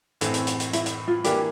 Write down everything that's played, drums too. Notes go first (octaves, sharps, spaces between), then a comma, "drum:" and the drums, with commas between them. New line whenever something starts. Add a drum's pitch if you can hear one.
A2 E3 A3 C4, drum: hi-hat
drum: hi-hat
drum: hi-hat
drum: hi-hat
E4, drum: hi-hat
drum: hi-hat
F4
E3 A#3 D4 G4, drum: hi-hat